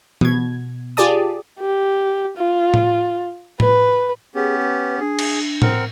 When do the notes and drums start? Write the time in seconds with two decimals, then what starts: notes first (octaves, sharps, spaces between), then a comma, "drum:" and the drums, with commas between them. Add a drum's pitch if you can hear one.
0.21 B2 G#6, drum: tom
0.97 F4 G4 G#4 D5 A5 D#6
1.60 G4
2.37 F4
2.74 drum: tom A2
3.60 B4, drum: tom A2
4.35 B3 C#4 G4 G#4
4.63 B4
5.00 D4 G#4
5.19 drum: cymbal
5.62 C4 A#4 F#5, drum: tom A2